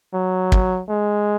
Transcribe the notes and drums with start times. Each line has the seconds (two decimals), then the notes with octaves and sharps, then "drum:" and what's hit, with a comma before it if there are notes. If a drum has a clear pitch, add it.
0.14 F#3
0.52 drum: kick
0.90 G#3